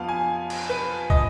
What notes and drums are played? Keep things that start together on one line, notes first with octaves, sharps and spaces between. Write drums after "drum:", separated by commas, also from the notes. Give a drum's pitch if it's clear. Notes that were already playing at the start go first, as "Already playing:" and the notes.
Already playing: F2 F3 B3 F4 F5
G#5
drum: cymbal
B4
D#5, drum: kick